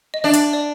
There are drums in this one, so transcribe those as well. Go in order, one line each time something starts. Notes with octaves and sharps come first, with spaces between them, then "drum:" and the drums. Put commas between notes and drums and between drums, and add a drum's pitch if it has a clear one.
D#5
D4 E5
drum: hi-hat
D5